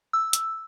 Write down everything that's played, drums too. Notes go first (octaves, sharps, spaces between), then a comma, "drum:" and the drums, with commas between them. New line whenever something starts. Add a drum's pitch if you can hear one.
E6
drum: hi-hat